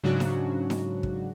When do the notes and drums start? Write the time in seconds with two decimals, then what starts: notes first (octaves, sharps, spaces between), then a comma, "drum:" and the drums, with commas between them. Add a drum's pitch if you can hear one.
0.04 G#2 C#3 F#3 D4 F#4
0.20 drum: snare D#4
0.70 drum: snare D#4
1.03 drum: kick